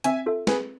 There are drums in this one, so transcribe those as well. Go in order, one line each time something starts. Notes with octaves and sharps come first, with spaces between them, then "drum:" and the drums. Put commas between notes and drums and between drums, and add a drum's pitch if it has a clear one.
C4 E5 G#5, drum: hi-hat
F4 A4 E5
C4 G#4 B4, drum: snare